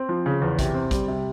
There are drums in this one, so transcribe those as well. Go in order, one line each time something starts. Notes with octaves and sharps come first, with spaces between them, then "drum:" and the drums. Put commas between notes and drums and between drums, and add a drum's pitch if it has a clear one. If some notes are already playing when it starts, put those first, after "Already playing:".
Already playing: C4
F3
C#3
E2
C3, drum: kick, hi-hat
C4
G3, drum: kick, hi-hat
C3